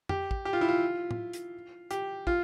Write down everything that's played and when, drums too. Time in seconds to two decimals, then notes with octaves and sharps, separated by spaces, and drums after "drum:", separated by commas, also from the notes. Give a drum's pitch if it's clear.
0.09 G4, drum: tom F2
0.31 drum: kick
0.45 G4
0.53 F4
0.61 E4
0.69 F4
1.11 drum: tom A2
1.33 drum: hi-hat
1.91 G4, drum: hi-hat
2.27 F4, drum: kick